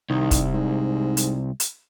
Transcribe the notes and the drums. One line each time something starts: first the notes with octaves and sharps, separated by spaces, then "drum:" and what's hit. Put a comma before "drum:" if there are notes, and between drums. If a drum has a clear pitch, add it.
C2 D#3
drum: kick, hi-hat
G#2
drum: hi-hat
drum: hi-hat